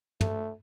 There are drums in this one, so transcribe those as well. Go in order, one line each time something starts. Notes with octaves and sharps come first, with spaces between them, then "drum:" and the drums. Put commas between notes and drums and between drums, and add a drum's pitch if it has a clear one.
A3, drum: tom